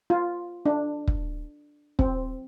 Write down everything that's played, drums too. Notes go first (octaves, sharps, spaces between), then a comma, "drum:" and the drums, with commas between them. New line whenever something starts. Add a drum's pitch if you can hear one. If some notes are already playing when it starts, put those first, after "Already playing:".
F4
D4
drum: kick
C4, drum: kick